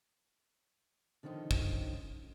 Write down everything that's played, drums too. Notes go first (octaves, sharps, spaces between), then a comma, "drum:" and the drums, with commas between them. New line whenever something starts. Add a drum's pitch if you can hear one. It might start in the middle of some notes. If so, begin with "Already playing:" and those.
D3 D#3 F3 C#4 D#4
drum: kick